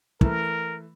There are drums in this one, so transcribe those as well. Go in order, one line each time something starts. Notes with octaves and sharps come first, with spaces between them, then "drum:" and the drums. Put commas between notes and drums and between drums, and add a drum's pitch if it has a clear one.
E3 A3 A#4, drum: kick